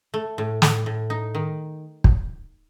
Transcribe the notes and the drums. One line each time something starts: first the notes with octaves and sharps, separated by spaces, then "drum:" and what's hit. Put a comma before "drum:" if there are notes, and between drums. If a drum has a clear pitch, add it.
A3
A2
A2, drum: snare
A2
D#4
D#3
drum: kick